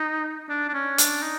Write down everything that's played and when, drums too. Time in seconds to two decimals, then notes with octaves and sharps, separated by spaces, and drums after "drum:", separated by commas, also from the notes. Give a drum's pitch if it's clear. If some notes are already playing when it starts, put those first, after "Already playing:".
Already playing: D#4
0.49 D4
0.69 D4
0.74 C#4
0.98 D4, drum: hi-hat
1.23 D#4